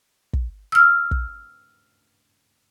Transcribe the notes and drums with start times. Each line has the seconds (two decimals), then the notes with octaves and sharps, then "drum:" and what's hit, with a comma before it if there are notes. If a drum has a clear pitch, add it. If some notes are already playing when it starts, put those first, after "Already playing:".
0.33 drum: kick
0.72 E6 F6
1.11 drum: kick